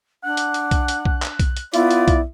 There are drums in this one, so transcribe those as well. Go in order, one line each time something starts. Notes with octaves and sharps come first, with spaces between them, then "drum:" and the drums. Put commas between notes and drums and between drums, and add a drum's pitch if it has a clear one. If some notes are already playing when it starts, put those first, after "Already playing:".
D4 F#5 F#6
drum: hi-hat
drum: hi-hat
drum: kick B1, hi-hat
drum: hi-hat
drum: kick B1
drum: clap
drum: kick B1, hi-hat
drum: hi-hat
B3 E4 F4 D5, drum: hi-hat
drum: hi-hat
drum: kick B1, hi-hat